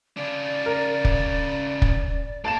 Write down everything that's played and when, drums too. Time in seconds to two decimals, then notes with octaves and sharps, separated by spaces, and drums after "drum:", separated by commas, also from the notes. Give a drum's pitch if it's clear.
0.17 C#3 D4 D5
0.66 A#4
1.05 drum: kick
1.82 drum: kick
2.45 A#3 F5 A5 A6 E7